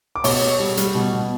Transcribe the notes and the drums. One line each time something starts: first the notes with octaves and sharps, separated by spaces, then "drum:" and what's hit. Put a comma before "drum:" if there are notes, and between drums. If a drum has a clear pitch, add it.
D6
B2 C#5 C#6, drum: open hi-hat
B2
G3
G3, drum: hi-hat
B2
B2